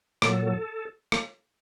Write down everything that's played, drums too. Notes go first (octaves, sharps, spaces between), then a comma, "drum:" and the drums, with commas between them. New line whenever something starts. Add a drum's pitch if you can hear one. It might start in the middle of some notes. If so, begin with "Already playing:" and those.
A#2 F#3 A4, drum: rim click
drum: rim click